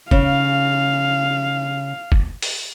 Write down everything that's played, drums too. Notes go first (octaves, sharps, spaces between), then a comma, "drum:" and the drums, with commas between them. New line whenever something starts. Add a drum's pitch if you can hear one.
C#3 F5, drum: kick
drum: kick
drum: open hi-hat